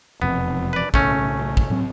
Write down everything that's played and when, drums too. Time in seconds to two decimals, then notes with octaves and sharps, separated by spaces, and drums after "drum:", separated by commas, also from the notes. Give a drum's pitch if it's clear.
0.22 E1 F2 C3 B3
0.73 B4 D5
0.94 B1 A2 C#3 A3 C#4, drum: kick
1.57 drum: kick
1.70 A2 F#3 C4